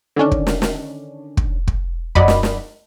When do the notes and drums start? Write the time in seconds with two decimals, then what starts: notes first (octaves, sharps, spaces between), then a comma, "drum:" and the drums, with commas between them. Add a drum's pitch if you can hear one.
0.16 D3 D#3 C#4 D4
0.31 drum: kick
0.47 drum: snare
0.62 drum: snare
1.37 drum: kick
1.68 drum: kick
2.15 F#2 F#4 D5 D#5 B5, drum: kick
2.28 drum: snare
2.43 drum: snare